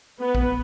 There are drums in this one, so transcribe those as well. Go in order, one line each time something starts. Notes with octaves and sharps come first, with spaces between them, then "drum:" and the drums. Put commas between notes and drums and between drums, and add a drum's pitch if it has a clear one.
B3
drum: kick A#1